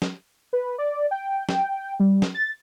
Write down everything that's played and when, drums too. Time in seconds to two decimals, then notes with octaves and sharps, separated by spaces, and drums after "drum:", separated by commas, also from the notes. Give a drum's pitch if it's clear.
0.02 drum: snare
0.53 B4
0.78 D5
1.11 G5
1.49 G5, drum: snare
2.00 G3
2.22 drum: snare
2.34 A6